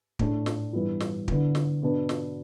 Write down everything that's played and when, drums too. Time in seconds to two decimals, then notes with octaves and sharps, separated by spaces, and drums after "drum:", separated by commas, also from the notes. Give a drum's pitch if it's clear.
0.19 A2 A3 D4, drum: kick
0.46 drum: snare
0.73 G2 E3 B3 E4
1.00 drum: snare
1.28 D3 B3 E4, drum: kick
1.55 drum: snare
1.82 B2 B3 D4
2.09 drum: snare